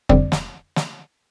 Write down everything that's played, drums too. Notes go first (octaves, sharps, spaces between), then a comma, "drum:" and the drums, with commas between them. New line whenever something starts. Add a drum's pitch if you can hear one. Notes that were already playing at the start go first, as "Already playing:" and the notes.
F2 D3 G3 C4 D5, drum: kick
drum: snare
drum: snare